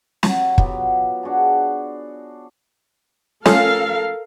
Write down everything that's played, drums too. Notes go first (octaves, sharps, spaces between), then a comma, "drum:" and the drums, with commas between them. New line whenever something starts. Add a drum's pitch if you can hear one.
F#3 C#6, drum: snare
F#3 B3 F4 G4, drum: kick
D4 F#4 G#4 A5
F3 A3 C#4 A4 A#4 F5, drum: snare